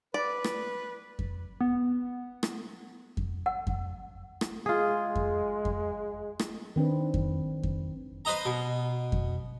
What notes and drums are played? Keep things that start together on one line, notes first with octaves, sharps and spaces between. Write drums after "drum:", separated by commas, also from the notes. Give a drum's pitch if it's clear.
B4 D5
drum: rim click
drum: kick F2
B3
drum: rim click
drum: kick F2
F#5
drum: kick F2
drum: rim click
G#3 F4 G#4
drum: kick F2
drum: kick F2
drum: rim click
D#3 C4 D4 B4
drum: kick F2
drum: kick F2
B4 C5 D#5 A#5
B2
drum: kick F2